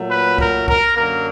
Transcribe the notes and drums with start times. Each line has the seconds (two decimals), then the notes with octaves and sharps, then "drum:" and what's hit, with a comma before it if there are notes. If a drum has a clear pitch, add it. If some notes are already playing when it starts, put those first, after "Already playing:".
Already playing: A#2 F#3 A3
0.10 B4
0.38 A#4, drum: kick C2
0.68 A#4, drum: kick C2
0.95 F#2 D3 F#3 A#3 A#4